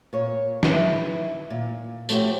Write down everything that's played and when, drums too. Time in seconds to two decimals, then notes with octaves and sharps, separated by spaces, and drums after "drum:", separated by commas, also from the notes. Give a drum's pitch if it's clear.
0.13 A#2 C#5
0.63 D#3 E3 E4 B4, drum: snare
1.50 A#2
2.09 F3 A3 C4 F#4 G4 C#5, drum: tambourine